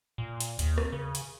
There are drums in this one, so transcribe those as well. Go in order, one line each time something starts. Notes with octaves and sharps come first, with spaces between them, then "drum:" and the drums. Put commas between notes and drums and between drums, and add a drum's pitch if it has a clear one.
A#2
drum: hi-hat
D#2, drum: hi-hat
drum: rim click
C#3
drum: hi-hat